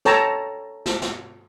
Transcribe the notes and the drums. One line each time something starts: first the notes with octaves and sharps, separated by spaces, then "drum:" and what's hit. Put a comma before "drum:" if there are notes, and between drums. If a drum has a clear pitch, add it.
A4 C#5 G5 A5 A#5, drum: snare
drum: snare
drum: snare